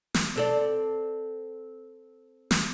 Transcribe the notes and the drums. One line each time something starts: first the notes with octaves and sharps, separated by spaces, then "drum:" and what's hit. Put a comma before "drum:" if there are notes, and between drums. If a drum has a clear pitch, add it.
drum: snare
C4 A4 D5
drum: snare